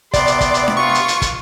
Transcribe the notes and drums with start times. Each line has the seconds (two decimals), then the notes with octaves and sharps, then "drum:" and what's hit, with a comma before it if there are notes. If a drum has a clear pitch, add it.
0.14 C3 B3 D5 C6, drum: kick, hi-hat
0.27 drum: hi-hat
0.41 drum: kick, hi-hat
0.54 drum: hi-hat
0.68 drum: snare D4
0.77 F4 C#6
0.95 drum: hi-hat
1.08 drum: hi-hat
1.22 drum: kick, hi-hat